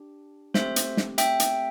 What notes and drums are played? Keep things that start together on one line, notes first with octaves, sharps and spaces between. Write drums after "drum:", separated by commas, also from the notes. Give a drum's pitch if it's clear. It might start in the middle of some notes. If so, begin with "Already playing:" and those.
Already playing: D4 G4
A3 C4 G4 C5 E5, drum: snare
drum: hi-hat
drum: snare
E5 G5, drum: hi-hat
drum: hi-hat